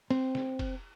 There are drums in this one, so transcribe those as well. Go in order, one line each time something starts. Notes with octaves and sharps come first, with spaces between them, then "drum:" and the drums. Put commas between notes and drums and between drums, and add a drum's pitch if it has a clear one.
C4, drum: cymbal
drum: snare
drum: kick F1, cymbal